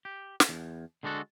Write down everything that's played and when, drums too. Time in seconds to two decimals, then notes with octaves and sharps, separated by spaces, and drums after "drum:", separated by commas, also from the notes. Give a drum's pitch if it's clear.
0.05 G4
0.40 drum: snare
0.49 E2
1.03 D3 G#3 D4 F#4 A4